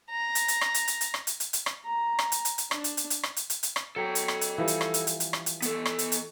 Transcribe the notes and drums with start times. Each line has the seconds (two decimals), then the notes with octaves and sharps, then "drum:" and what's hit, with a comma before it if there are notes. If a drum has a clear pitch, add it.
0.11 A#5
0.35 drum: hi-hat
0.48 drum: hi-hat
0.61 drum: rim click
0.74 drum: hi-hat
0.88 drum: hi-hat
1.01 drum: hi-hat
1.14 drum: rim click
1.27 drum: hi-hat
1.40 drum: hi-hat
1.53 drum: hi-hat
1.66 drum: rim click
1.84 A#5
2.19 drum: rim click
2.32 drum: hi-hat
2.45 drum: hi-hat
2.58 drum: hi-hat
2.71 D4, drum: rim click
2.84 drum: hi-hat
2.97 drum: hi-hat
3.10 drum: hi-hat
3.23 drum: rim click
3.37 drum: hi-hat
3.50 drum: hi-hat
3.63 drum: hi-hat
3.76 drum: rim click
3.96 F#3 A4 G5
4.15 drum: hi-hat
4.28 drum: rim click
4.41 drum: hi-hat
4.58 E3 F3 G3
4.68 drum: hi-hat
4.81 drum: rim click
4.94 drum: hi-hat
5.07 drum: hi-hat
5.20 drum: hi-hat
5.33 drum: rim click
5.46 drum: hi-hat
5.62 B3 A4, drum: hi-hat
5.85 drum: rim click
5.99 drum: hi-hat
6.12 drum: hi-hat